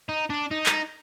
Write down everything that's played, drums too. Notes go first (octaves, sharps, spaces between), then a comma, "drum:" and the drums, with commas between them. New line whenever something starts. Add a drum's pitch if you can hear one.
D#4
D4
D#4
drum: clap